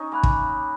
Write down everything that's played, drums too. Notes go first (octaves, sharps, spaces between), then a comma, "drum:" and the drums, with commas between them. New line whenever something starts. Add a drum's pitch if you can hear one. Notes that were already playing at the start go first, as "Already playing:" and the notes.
Already playing: C#4 D#4
A#3 G#5 B5 F#6
drum: kick